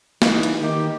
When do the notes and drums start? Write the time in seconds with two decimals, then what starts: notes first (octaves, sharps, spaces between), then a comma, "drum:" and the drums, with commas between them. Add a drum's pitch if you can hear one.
0.22 E3 D#4, drum: snare
0.43 drum: hi-hat
0.61 D#3 G4